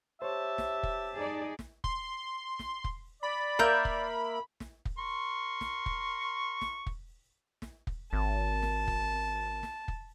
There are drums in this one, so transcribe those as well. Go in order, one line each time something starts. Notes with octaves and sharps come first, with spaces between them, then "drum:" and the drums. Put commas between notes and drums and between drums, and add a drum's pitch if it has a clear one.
G4 C5 C#5 E5 A5
drum: snare
drum: kick
D#4 G#4 D5
drum: snare
C6, drum: kick
drum: snare
drum: kick
D5 B5
A#3 A#4 E5 G6, drum: snare
drum: kick
drum: snare
drum: kick
A#4 C6 C#6
drum: snare
drum: kick
drum: snare
drum: kick
drum: snare
drum: kick
G#1 A5
drum: snare
drum: kick
drum: snare
drum: kick